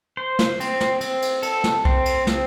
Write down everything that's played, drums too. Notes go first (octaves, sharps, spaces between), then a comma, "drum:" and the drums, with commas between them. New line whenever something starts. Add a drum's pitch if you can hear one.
C5
drum: snare
C4, drum: cymbal
drum: snare
C4, drum: cymbal
drum: cymbal
A4, drum: cymbal
drum: snare
C4, drum: kick B1
drum: cymbal
C4, drum: snare